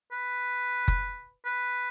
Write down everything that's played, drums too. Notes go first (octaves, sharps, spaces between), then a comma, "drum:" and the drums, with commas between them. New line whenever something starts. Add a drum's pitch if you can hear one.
B4
drum: kick F#1
B4